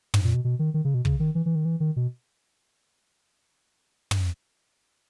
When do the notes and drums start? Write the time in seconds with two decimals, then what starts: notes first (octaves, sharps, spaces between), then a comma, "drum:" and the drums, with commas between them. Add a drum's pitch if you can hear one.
0.14 G#2, drum: tom
0.24 A#2
0.34 B2
0.44 B2
0.59 D#3
0.74 D#3
0.85 C#3
0.94 B2
1.05 C#3, drum: kick
1.20 D#3
1.35 E3
1.46 E3
1.55 D#3
1.65 E3
1.80 D#3
1.96 B2
4.11 drum: tom